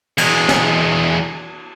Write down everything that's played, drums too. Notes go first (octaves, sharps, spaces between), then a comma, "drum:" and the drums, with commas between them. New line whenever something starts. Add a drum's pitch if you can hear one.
E2 G#3, drum: cymbal
drum: snare